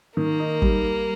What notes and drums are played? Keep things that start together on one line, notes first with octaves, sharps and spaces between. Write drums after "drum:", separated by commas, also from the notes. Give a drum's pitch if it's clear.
D#3 A#3
D#4
G3, drum: kick